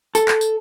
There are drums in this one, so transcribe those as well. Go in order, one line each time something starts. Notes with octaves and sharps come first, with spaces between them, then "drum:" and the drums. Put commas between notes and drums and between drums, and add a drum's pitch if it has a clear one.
A4, drum: tambourine
drum: clap
drum: tambourine